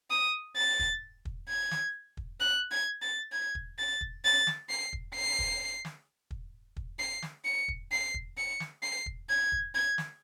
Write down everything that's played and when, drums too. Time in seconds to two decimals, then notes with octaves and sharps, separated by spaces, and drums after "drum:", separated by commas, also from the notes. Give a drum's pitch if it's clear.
0.10 D#6
0.56 A6
0.79 drum: kick
1.25 drum: kick
1.48 G#6
1.71 drum: snare
2.17 drum: kick
2.40 F#6
2.71 G#6
3.02 A6
3.32 G#6
3.55 drum: kick
3.79 A6
4.01 drum: kick
4.24 A6
4.47 drum: snare
4.69 C7
4.93 drum: kick
5.15 C7
5.39 drum: kick
5.85 drum: snare
6.31 drum: kick
6.76 drum: kick
6.99 C7
7.22 drum: snare
7.45 C#7
7.68 drum: kick
7.92 C7
8.14 drum: kick
8.38 C#7
8.60 drum: snare
8.83 C7
9.06 drum: kick
9.29 G#6
9.52 drum: kick
9.74 G#6
9.98 drum: snare